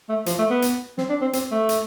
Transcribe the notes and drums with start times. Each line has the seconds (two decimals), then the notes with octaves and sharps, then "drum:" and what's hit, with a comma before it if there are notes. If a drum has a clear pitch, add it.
0.09 A3
0.26 F3, drum: hi-hat
0.39 A3
0.50 B3
0.62 drum: hi-hat
0.98 C4, drum: snare
1.09 D4
1.21 C4
1.33 C4, drum: hi-hat
1.51 A3
1.69 drum: hi-hat